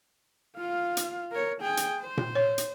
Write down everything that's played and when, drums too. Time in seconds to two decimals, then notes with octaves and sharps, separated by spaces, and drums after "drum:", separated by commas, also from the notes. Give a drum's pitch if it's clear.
0.56 F4 F5
0.97 drum: hi-hat
1.31 A#4 C#5
1.61 G#4 G5
1.77 drum: hi-hat
2.00 C5
2.17 drum: tom A#2
2.35 C#5
2.58 drum: hi-hat